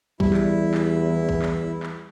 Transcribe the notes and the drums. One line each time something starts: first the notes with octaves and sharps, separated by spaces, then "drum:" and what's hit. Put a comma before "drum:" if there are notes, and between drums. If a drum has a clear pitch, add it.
E2 G3 E4, drum: kick A#1
drum: clap
drum: clap
drum: kick A#1
drum: clap
drum: clap